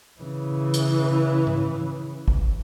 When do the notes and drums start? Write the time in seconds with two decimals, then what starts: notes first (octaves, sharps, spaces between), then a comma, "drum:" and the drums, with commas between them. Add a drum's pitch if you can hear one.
0.21 C#3 E3
0.74 drum: hi-hat
1.47 drum: tom G#2
2.28 drum: kick G#1